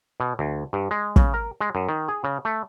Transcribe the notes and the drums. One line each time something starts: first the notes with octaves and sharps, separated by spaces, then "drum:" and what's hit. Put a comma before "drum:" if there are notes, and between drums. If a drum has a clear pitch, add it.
B2
D2
G2
G#3
C#3, drum: kick
A#4
G#3
F#2
D#3
G#4
C#3
A3